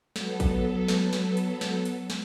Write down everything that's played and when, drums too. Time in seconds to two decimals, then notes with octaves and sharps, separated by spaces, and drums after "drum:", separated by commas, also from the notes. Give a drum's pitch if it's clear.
0.16 F#3 B3 A4, drum: snare
0.40 drum: kick, hi-hat
0.88 drum: snare
1.13 drum: snare
1.37 drum: hi-hat
1.61 drum: snare
1.85 drum: hi-hat
2.10 drum: snare